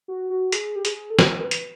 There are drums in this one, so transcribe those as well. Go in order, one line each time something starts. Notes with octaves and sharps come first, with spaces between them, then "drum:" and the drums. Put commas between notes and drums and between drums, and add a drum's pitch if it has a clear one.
F#4
F#4
G#4, drum: hi-hat
G4
G#4, drum: hi-hat
A4
A#4, drum: snare
B4
drum: hi-hat